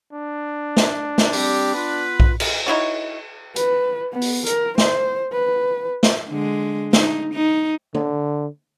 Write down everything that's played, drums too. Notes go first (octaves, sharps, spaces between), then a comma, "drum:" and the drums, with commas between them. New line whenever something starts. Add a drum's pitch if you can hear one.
D4
drum: snare
drum: snare
G3 C4 G4, drum: open hi-hat
B3 F4 B4
drum: kick B1
drum: cymbal
D#4 E4 F#4 C#5
B4, drum: hi-hat
B3
drum: open hi-hat
A#4, drum: hi-hat
C5, drum: snare
B4
drum: snare
D3 G#3
D#4, drum: snare
D#4
D3, drum: tom D3